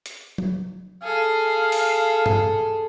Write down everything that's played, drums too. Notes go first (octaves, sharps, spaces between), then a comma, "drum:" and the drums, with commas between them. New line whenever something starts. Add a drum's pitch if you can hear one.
drum: hi-hat
drum: tom F#3
G#4 A4 F5
drum: open hi-hat
drum: tom G2